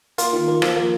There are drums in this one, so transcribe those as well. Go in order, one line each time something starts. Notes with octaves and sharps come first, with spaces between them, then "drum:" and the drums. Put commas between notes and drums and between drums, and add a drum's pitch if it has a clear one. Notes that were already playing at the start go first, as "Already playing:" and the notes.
A#3 F4, drum: hi-hat
D#3
A#3
F3, drum: rim click
A#3